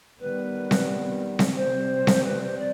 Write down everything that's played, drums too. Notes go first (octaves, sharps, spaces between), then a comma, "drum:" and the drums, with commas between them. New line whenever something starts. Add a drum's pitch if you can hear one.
D#3 G3 B3 B4
drum: snare C4
drum: snare C4
C3 G3 C4 C5
drum: snare C4
B4
C5
D5